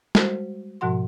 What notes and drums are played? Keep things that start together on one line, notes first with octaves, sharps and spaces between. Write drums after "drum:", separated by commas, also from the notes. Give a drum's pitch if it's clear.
G3 G#3 F#4 C5, drum: snare
G#2 B2 F3 F#4 F#5 C6